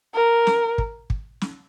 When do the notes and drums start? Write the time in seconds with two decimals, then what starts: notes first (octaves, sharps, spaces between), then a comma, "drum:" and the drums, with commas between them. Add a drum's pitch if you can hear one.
0.15 A#4
0.47 drum: snare
0.78 drum: kick
1.10 drum: kick
1.41 drum: snare